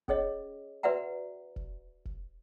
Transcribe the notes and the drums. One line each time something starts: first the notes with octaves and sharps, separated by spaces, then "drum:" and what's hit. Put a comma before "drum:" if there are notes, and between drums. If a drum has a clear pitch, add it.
C#4 G#4 C#5 D#5, drum: kick
F#4 B4 D5 E5 F#5 A#5
drum: kick
drum: kick